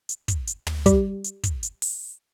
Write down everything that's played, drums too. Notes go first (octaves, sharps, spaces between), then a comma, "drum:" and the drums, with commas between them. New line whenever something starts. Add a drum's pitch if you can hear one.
drum: hi-hat
drum: kick, hi-hat
drum: hi-hat
drum: tom
G3, drum: kick, hi-hat
drum: hi-hat
drum: kick, hi-hat
drum: hi-hat
drum: open hi-hat